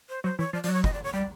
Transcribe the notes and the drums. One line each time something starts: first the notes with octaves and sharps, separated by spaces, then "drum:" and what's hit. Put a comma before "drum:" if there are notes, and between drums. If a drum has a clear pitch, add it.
C5
F#3 C5
E3 C#5
F3 D5
F3 D5, drum: hi-hat
F#3
C#5
D#5, drum: kick
D5
C#5
G3 D5